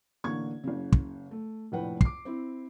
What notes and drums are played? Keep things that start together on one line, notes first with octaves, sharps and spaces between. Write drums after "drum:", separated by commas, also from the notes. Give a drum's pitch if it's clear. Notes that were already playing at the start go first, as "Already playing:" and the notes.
A1 D3 A#3 C#6 G#6
F#1 C#3
drum: kick
A3
F1 A#1 A2 B4 F#5 G5
D6 C7, drum: kick
C4 E4